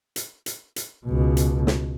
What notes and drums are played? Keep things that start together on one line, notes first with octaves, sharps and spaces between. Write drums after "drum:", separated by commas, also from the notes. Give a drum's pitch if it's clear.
drum: hi-hat
drum: hi-hat
drum: hi-hat
C#2 B2
drum: hi-hat
drum: snare